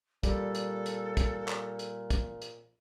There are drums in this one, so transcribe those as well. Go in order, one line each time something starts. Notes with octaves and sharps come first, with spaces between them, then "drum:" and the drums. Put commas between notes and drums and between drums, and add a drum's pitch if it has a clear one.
A#2 G3 A4, drum: kick, hi-hat
drum: hi-hat
drum: hi-hat
drum: kick, hi-hat
drum: clap
drum: hi-hat
drum: kick, hi-hat
drum: hi-hat